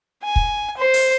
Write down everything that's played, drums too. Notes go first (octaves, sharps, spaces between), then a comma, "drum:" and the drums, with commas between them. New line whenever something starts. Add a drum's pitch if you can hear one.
G#5
drum: kick
C5
drum: open hi-hat